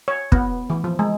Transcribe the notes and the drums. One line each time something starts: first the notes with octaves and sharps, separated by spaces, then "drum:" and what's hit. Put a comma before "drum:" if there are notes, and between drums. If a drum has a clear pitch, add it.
C#5
B3, drum: kick
E3
F3
G#3